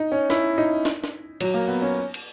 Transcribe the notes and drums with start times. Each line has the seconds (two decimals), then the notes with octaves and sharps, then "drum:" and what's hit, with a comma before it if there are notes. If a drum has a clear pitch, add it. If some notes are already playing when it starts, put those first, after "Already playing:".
Already playing: D#4
0.12 C#4
0.30 E4, drum: snare
0.58 D#4
0.85 drum: snare
1.04 drum: snare
1.41 F#3, drum: cymbal
1.54 A#3
1.68 B3
1.82 C#4
2.14 drum: cymbal